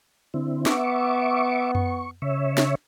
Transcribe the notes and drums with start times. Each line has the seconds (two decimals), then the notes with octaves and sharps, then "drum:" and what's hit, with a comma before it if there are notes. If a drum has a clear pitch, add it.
0.34 D3 C4 E4
0.66 B3 E5 C#6 D6, drum: snare
1.75 C#6, drum: tom F#2
2.22 C#3 C#5 E5
2.57 drum: snare